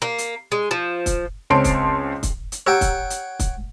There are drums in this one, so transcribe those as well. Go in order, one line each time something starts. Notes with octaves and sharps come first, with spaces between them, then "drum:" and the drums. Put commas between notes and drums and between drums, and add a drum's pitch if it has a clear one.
A#3
drum: hi-hat
G#3
F3
drum: kick, hi-hat
C#2 C4 C#5 A5 C6 D7
drum: kick, hi-hat
drum: kick, hi-hat
drum: hi-hat
G4 C#5 F#5 G5 A#5 E6
drum: kick, hi-hat
drum: hi-hat
drum: kick, hi-hat